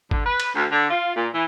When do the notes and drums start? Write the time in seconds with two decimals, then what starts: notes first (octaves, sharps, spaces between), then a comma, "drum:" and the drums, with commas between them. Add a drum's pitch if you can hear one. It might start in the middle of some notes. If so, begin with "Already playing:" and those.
0.11 D3, drum: kick G#1
0.25 B4
0.40 drum: cymbal
0.55 D2
0.71 D3
0.90 F4
1.16 A#2
1.34 E3